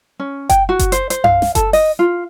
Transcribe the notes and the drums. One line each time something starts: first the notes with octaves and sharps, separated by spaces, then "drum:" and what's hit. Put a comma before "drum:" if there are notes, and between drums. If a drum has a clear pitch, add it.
C#4
G5, drum: kick F#1, hi-hat
F#4
drum: kick F#1, hi-hat
C5, drum: hi-hat
C5, drum: hi-hat
F5, drum: tom F#2
drum: snare
A4, drum: kick F#1, hi-hat
D#5, drum: open hi-hat
F4